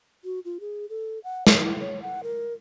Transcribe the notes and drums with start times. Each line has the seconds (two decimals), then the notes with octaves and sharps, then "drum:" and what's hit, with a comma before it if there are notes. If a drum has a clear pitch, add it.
0.24 F#4
0.45 F4
0.60 G#4
0.90 A4
1.24 F#5
1.47 C#5, drum: snare
1.61 E4
1.80 C#5
2.02 F#5
2.23 A#4